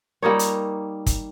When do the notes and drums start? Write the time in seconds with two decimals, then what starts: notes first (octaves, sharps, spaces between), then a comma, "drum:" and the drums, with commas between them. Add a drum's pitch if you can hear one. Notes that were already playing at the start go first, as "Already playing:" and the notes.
0.22 G3 A#3 D#4 C#5
0.39 drum: hi-hat
1.06 drum: kick, hi-hat